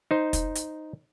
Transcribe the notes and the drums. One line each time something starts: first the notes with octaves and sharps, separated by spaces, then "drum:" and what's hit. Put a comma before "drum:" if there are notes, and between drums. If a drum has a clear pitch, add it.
D#4 C5
drum: kick, hi-hat
drum: hi-hat